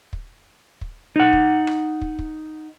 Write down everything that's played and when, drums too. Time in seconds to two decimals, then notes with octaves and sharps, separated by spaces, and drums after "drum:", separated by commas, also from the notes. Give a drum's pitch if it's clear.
0.13 drum: kick
0.81 drum: kick
1.16 D#4 F#5
1.33 drum: kick
1.67 drum: rim click
2.01 drum: kick
2.19 drum: kick